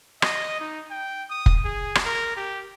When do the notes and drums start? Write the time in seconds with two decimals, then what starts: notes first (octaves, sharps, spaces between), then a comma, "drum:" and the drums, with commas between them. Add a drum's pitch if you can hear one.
0.22 D#5, drum: rim click
0.60 D#4
0.90 G5
1.30 D#6
1.46 drum: kick F1
1.65 G#4
1.95 drum: rim click
2.05 A#4
2.36 G4